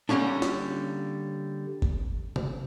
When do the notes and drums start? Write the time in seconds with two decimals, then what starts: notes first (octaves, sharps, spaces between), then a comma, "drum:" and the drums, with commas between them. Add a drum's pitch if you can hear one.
0.09 D3 G3 A#3 C#4 D4
0.42 drum: snare
1.82 drum: kick G1
2.36 drum: tom C3